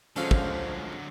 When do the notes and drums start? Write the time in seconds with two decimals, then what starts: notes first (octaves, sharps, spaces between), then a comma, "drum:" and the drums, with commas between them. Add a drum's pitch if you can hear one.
0.16 D3 F3 F#3 G#3 C#4 A4 C5 F5
0.31 drum: kick